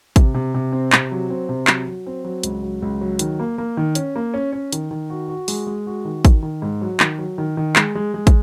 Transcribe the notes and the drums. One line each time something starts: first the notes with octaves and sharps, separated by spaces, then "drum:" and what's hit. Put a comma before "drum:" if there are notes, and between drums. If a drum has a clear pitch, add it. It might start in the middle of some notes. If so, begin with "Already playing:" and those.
C3, drum: kick, hi-hat
C3
C3
C4
C3, drum: clap
F#3
C4
C3
F#3, drum: clap
F#3
C4
F#3
C#2, drum: hi-hat
F#3
C#2
F#3
D#3, drum: hi-hat
A#3
A#3
D#3
C#4, drum: hi-hat
A#3
C#4
C#4
D#3, drum: hi-hat
D#3
F#4
F#4
G#3, drum: open hi-hat
G#3
F#4
D#3
D#3, drum: kick, hi-hat
D#3
G#2
F#3
D#3, drum: clap
F#3
D#3
D#3
G#3, drum: clap
G#3
G#3
drum: kick, hi-hat